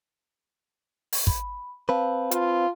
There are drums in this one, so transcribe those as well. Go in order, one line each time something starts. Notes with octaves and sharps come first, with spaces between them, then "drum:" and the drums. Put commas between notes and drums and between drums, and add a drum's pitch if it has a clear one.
drum: open hi-hat
B5, drum: kick
C4 B4 F5 A5
F4, drum: hi-hat